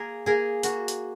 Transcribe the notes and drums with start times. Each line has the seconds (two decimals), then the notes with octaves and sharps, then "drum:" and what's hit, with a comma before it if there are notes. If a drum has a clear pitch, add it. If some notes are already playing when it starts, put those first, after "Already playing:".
Already playing: A#3 G#4 A#4
0.26 A#3 G#4 A#4
0.63 A#3 F#4, drum: hi-hat
0.88 drum: hi-hat